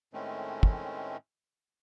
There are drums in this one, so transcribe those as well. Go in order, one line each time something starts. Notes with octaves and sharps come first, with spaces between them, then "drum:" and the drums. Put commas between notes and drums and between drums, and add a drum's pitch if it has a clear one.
A2 D#3 G#3 A3 C4 C#4
drum: kick